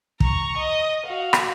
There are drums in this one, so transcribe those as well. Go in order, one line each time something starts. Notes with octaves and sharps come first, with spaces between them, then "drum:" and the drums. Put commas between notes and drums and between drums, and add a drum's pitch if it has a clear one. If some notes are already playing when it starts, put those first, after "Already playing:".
A#5 C#6, drum: kick
D#5
F#4 F5
drum: rim click